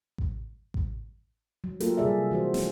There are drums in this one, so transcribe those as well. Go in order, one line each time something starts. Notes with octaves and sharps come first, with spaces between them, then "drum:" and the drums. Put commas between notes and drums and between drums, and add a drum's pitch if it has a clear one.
drum: kick A1
drum: kick A1
F#3
A#3 F4 G4 A4 A#4, drum: hi-hat
C3 F#3 G3 G#4 D5 E5
E3 F#4 C5
C#4, drum: snare